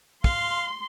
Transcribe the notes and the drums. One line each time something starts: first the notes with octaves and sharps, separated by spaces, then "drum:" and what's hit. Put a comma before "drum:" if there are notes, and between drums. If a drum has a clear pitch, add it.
F5 C6, drum: kick